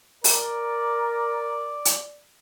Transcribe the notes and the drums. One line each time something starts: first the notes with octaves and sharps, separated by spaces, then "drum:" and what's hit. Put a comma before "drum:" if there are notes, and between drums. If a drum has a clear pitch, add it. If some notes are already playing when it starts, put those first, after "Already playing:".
A#4 D5, drum: open hi-hat
drum: hi-hat